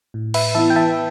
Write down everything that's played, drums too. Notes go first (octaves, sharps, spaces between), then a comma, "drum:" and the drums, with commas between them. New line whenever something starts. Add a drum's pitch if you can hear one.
A2
B4 E5, drum: cymbal
E3 B3 E4 E5 A5
G5
E5 A5